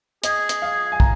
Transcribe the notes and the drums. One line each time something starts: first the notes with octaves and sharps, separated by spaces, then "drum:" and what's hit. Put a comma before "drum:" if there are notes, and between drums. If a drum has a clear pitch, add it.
G#4 D#5, drum: hi-hat
drum: hi-hat
F5
G#5
A#5, drum: kick